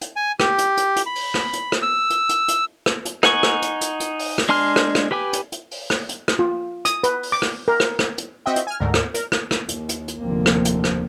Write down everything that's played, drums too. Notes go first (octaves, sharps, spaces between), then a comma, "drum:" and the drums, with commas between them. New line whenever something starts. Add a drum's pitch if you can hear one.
drum: hi-hat
G#5
G4, drum: rim click
drum: hi-hat
drum: hi-hat
drum: hi-hat
B5
drum: open hi-hat
drum: rim click
drum: hi-hat
drum: rim click
E6
drum: hi-hat
drum: hi-hat
drum: hi-hat
drum: rim click
drum: hi-hat
D#4 F#5 G#5 C#6, drum: rim click
drum: rim click
drum: hi-hat
drum: hi-hat
drum: hi-hat
drum: open hi-hat
drum: rim click
G#3 D4 G#5 C6 F6
drum: rim click
drum: rim click
G4 B4 G5 G#5 D6
drum: hi-hat
drum: hi-hat
drum: open hi-hat
drum: rim click
drum: hi-hat
drum: rim click
F4
D#6, drum: hi-hat
B4, drum: hi-hat
drum: open hi-hat
D6
drum: rim click
A#4
drum: rim click
drum: rim click
drum: hi-hat
C4 F#4 D#5 E5 G5
drum: hi-hat
G#5 F6
D2 G#2 D3 A#4
drum: rim click
A#4, drum: hi-hat
drum: rim click
drum: rim click
D#2, drum: hi-hat
drum: hi-hat
drum: hi-hat
F1 D#2 D3 F3 A#3 C4
drum: rim click
drum: hi-hat
drum: rim click